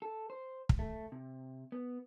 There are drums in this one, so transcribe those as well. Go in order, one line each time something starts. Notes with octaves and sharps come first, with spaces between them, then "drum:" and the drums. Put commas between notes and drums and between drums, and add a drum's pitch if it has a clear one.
A4
C5
drum: kick
A3
C3
B3